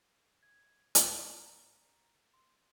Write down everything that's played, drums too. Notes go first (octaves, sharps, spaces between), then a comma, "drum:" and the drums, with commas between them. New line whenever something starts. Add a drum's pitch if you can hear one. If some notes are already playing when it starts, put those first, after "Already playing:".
G#6
G#2, drum: hi-hat
D5
A#5
C6